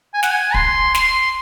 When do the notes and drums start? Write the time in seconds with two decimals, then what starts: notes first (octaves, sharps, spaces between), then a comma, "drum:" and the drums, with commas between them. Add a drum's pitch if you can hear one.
0.14 G#5
0.23 F#5, drum: snare
0.31 G#5
0.54 C6, drum: kick
0.95 C6, drum: snare